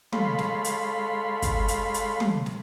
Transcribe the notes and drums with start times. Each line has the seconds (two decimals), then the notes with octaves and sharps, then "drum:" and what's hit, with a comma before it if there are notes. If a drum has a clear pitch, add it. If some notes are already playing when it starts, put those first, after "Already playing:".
0.13 G#3 A4 C#5 F5 B5 C6, drum: tom
0.38 drum: snare
0.64 drum: hi-hat
1.42 drum: kick, hi-hat
1.68 drum: hi-hat
1.94 drum: hi-hat
2.20 drum: tom
2.46 drum: snare